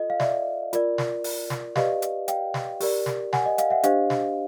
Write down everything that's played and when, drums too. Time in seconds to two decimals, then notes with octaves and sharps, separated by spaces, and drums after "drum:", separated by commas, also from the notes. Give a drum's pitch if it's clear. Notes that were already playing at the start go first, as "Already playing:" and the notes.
Already playing: F4 A4 D#5
0.10 F5
0.20 D5 E5, drum: snare
0.73 F4 A#4 D5, drum: hi-hat
0.98 drum: snare
1.24 drum: open hi-hat
1.50 drum: snare
1.76 G4 B4 D5 D#5 F5, drum: snare
2.02 drum: hi-hat
2.28 F5 G5, drum: hi-hat
2.54 drum: snare
2.80 G4 A#4 D5, drum: open hi-hat
3.06 drum: snare
3.33 F#5 G#5, drum: snare
3.46 D#5
3.58 D#5 F5, drum: hi-hat
3.70 E5 F#5
3.83 D4 G4 C5 D#5 F5, drum: hi-hat
4.10 drum: snare